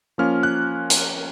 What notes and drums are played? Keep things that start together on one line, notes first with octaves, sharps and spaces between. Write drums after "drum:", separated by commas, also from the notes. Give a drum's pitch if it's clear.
F3 A#3 C#4 F4 F6
F#6
drum: hi-hat